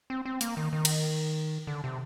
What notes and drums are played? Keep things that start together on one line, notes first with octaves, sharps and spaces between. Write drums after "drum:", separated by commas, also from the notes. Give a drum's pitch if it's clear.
C4
C4
A#3, drum: hi-hat
D#3
D#3
drum: cymbal
D3
C3